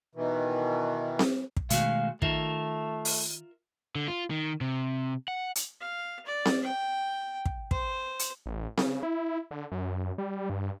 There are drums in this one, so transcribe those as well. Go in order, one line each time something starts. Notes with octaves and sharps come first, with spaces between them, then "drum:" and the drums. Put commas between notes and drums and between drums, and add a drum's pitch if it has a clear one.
B2 D#3 E3
drum: snare C4
drum: kick
B2 D#3 G#3 A3 F#4 F5, drum: hi-hat
D#3 A3 F4 A#4 E5, drum: kick
drum: open hi-hat
D3
F4
D#3
C3
F#5
drum: hi-hat
F5
D5
drum: snare C4
G5
drum: kick
C5, drum: kick
drum: hi-hat
A1
C#3, drum: snare C4
E4
D3
F#2
G3
G2